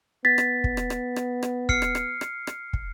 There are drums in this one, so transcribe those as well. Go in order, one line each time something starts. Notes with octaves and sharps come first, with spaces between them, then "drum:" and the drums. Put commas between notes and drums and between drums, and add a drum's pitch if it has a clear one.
B3 A6 B6
drum: rim click
drum: kick
drum: rim click
drum: rim click
drum: rim click
drum: rim click
F6 C7 C#7, drum: kick
drum: rim click
drum: rim click
drum: rim click
drum: rim click
drum: kick